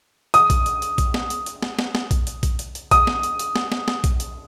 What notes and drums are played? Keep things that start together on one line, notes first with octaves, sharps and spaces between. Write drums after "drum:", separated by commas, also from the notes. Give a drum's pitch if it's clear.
D#6, drum: hi-hat
drum: kick A#1, hi-hat
drum: hi-hat
drum: hi-hat
drum: kick A#1, hi-hat
drum: snare
drum: hi-hat
drum: hi-hat
drum: snare
drum: snare
drum: snare
drum: kick A#1, hi-hat
drum: hi-hat
drum: kick A#1, hi-hat
drum: hi-hat
drum: hi-hat
D#6, drum: kick A#1, hi-hat
drum: snare
drum: hi-hat
drum: hi-hat
drum: snare
drum: snare
drum: snare
drum: kick A#1, hi-hat
drum: hi-hat